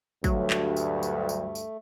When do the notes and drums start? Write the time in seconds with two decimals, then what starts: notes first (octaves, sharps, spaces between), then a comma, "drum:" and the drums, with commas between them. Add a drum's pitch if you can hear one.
0.24 D2 G2 F#3 A3, drum: kick, tambourine
0.50 drum: clap
0.77 drum: tambourine
1.03 drum: tambourine
1.29 drum: tambourine
1.55 drum: tambourine